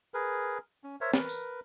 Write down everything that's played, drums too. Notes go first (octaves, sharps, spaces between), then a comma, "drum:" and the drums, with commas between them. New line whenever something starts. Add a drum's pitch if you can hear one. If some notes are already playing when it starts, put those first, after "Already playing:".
G#4 A#4 B4
C#4
A#4 C5 C#5 E5
A#4 B4, drum: snare
drum: tambourine